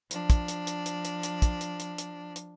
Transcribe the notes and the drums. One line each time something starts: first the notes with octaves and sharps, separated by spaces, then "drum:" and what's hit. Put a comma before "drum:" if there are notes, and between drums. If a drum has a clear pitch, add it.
F3 D4, drum: hi-hat
drum: kick, hi-hat
drum: hi-hat
drum: hi-hat
drum: hi-hat
drum: hi-hat
drum: hi-hat
drum: kick, hi-hat
drum: hi-hat
drum: hi-hat
drum: hi-hat
drum: hi-hat